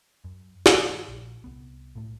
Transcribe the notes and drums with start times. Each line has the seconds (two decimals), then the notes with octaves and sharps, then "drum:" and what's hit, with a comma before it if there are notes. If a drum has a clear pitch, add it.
0.24 F#2
0.66 G2 D#3, drum: snare
1.08 A#1
1.44 C2 B3
1.95 B1 A2 A3